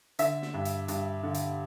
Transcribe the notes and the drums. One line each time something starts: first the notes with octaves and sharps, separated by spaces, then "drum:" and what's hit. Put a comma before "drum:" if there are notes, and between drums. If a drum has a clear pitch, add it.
D3 E5, drum: hi-hat
drum: snare
G2
drum: hi-hat
G2, drum: hi-hat
D3
drum: hi-hat